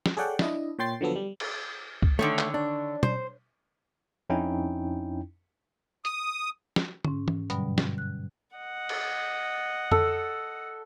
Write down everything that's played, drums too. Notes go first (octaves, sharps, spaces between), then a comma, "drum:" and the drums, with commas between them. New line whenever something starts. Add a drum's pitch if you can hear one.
drum: snare
G#4 A4 C#5 D5 F#5 G5
D4 E4 D#5, drum: snare
A#2 C#5 G5 C6 A6 C7
D3 F3 F#3 B3 A4
G3
drum: cymbal
drum: kick C2
D3 D#3 A3 C#5
drum: clap
D4
C5, drum: tom B2
F2 C#4 D#4 E4 G5
D#6, drum: hi-hat
drum: snare
G#2 C#4, drum: tom D3
drum: tom E3
G2 B2 D3 F#3 G3, drum: hi-hat
drum: snare
F#6
D#5 F#5
drum: cymbal
A4, drum: tom F2